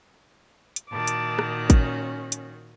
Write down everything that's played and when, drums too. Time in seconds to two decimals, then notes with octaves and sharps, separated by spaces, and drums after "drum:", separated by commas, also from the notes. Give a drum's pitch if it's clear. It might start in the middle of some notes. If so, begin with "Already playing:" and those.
0.76 drum: hi-hat
0.91 A#2 D#3 F#4 A5 D6
1.07 drum: hi-hat
1.39 drum: rim click
1.70 C#4, drum: kick G#1, hi-hat
2.32 drum: hi-hat